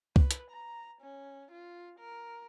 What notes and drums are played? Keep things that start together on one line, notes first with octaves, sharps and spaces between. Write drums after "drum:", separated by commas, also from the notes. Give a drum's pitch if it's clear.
B4, drum: kick
drum: hi-hat
A#5
C#4
F4
A#4